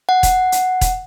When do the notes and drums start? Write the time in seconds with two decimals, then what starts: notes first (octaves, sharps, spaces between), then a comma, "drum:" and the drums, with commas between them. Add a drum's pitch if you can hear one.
0.09 F#5
0.23 drum: kick E1, hi-hat
0.52 drum: hi-hat
0.81 drum: kick E1, hi-hat